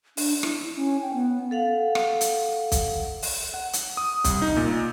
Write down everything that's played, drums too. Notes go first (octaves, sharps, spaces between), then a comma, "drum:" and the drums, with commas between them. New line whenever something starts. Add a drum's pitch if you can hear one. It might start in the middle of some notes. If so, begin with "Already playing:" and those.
D4, drum: open hi-hat
E4, drum: rim click
C#4
G5
B3
A4 F5 F#5
drum: rim click
drum: hi-hat
drum: kick, hi-hat
drum: open hi-hat
F#5
drum: hi-hat
D#6
C2, drum: kick, hi-hat
D#4
A#2